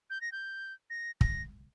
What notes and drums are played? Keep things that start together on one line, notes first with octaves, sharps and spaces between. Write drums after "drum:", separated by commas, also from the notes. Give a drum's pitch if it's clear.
G6
A#6
G6
A#6
A#6, drum: kick